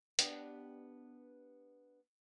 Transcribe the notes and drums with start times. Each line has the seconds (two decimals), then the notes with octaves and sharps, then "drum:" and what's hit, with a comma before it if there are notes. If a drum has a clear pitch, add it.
0.19 B3 D4 G4, drum: hi-hat